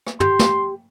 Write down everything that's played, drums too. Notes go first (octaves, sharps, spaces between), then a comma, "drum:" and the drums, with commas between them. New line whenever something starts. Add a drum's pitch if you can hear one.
drum: rim click
G4 C6, drum: tom
drum: snare